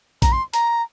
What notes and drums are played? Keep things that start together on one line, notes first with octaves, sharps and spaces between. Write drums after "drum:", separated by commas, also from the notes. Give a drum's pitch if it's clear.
A#5, drum: kick A#1, hi-hat
C6
A#5, drum: hi-hat